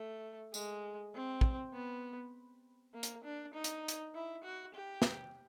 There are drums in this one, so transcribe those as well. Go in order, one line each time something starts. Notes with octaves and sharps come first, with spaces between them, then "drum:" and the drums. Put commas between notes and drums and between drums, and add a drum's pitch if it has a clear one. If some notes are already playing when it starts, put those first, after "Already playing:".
Already playing: A3
G#3, drum: tambourine
C4
drum: kick
B3
A#3
drum: hi-hat
D4
D#4
drum: hi-hat
drum: hi-hat
E4
F#4
G4
drum: snare